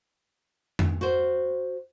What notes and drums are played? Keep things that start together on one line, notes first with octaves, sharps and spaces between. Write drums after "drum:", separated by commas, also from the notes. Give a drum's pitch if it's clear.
drum: tom F2
F#4 C5